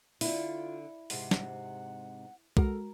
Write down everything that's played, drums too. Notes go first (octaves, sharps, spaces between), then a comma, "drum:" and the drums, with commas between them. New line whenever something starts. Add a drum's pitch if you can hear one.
D3 E4 F4, drum: open hi-hat
G#2 C3 F#5, drum: open hi-hat
drum: snare
G#3 F#4 A4 A#4, drum: kick B1